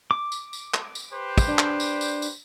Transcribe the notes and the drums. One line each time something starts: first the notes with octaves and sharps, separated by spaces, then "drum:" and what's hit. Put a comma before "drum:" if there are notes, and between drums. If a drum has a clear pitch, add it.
D6
drum: tambourine
drum: tambourine
drum: clap
drum: tambourine
G4 B4 C5
drum: kick, tambourine
D4
drum: clap
drum: tambourine
drum: tambourine
drum: tambourine